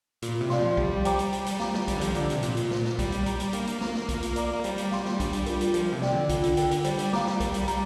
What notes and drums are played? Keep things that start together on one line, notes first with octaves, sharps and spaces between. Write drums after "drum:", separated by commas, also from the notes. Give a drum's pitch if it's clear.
A#2 F4, drum: hi-hat
C3
D5 F5 C6, drum: snare
F3
G3 G4, drum: kick B1
C5 G5 A#5 D6, drum: hi-hat
drum: hi-hat
C5, drum: hi-hat
drum: hi-hat
F5 A#5 D6, drum: snare
drum: snare
G3 G4, drum: kick B1, hi-hat
D3
F3, drum: hi-hat
D3 D5 A#5 D6, drum: hi-hat
C3, drum: hi-hat
A#2 F4, drum: hi-hat
drum: hi-hat
C5 F5 C6, drum: snare
drum: snare
G3 C5, drum: kick B1, hi-hat
drum: hi-hat
A#5 D6, drum: hi-hat
drum: hi-hat
A#3 D4, drum: hi-hat
drum: hi-hat
A#4 F5 C6, drum: snare
drum: snare
F4, drum: kick B1, hi-hat
drum: hi-hat
D5 A#5 D6, drum: hi-hat
A#3
G3 C5, drum: hi-hat
drum: hi-hat
F5 C6, drum: snare
drum: snare
D4, drum: kick B1, hi-hat
drum: hi-hat
F4 A#4, drum: hi-hat
drum: hi-hat
F3 A#4, drum: hi-hat
C3
D5 G5, drum: snare
D3
F4, drum: kick B1, hi-hat
drum: hi-hat
A#4 G5, drum: hi-hat
drum: hi-hat
G3 C5, drum: hi-hat
drum: hi-hat
F5 A#5 D6, drum: snare
drum: snare
A#4, drum: kick B1, hi-hat
drum: hi-hat
F5 A#5, drum: hi-hat